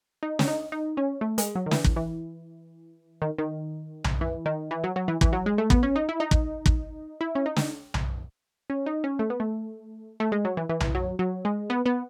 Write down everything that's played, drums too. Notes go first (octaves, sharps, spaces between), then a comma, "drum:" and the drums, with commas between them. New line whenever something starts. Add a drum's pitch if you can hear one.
D#4
C#4, drum: snare
D#4
D#4
C#4
A3
G#3, drum: hi-hat
F#3
D#3
E3, drum: snare
drum: kick
E3
D#3
D#3
drum: tom B1
E3
D#3
E3
F#3
F#3
E3
E3, drum: kick
F#3
G#3
A3
B3, drum: kick
C#4
D#4
E4
D#4
drum: kick
drum: kick
E4
C#4
D#4
drum: snare
drum: tom B1
C#4
D#4
C#4
A3
B3
A3
A3
G#3
F#3
E3
E3
drum: tom B1
F#3
F#3
G#3
B3
B3